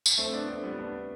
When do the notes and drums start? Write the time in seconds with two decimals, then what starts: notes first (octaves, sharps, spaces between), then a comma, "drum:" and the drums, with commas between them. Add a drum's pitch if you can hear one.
0.06 drum: tambourine
0.18 A3 C4
0.33 B3 D4
0.49 A3 C4
0.64 G3 B3
0.80 B3 D4